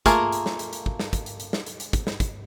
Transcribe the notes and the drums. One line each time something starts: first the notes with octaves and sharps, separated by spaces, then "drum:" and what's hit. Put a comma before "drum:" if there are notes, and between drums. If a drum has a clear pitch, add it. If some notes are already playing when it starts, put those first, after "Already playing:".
A3 A#3 F4 G#4 A#4, drum: kick, hi-hat
drum: hi-hat
drum: snare
drum: hi-hat
drum: hi-hat
drum: kick
drum: snare
drum: kick, hi-hat
drum: hi-hat
drum: hi-hat
drum: snare
drum: hi-hat
drum: hi-hat
drum: kick, hi-hat
drum: snare
drum: kick, hi-hat